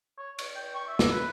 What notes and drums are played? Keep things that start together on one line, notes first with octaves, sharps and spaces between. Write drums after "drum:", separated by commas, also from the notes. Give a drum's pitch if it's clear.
C#5
C#5, drum: cymbal
G5
C#6
E5
drum: snare
B4